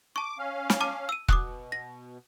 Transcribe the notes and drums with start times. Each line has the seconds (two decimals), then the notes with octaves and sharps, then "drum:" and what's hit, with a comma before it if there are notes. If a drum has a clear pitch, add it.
0.16 A5 C#6 D6
0.39 C#4 F5
0.70 drum: snare
0.81 A5 D6
1.09 E6 D#7
1.28 B2 D6 D#6 F#6, drum: kick E1
1.72 A#6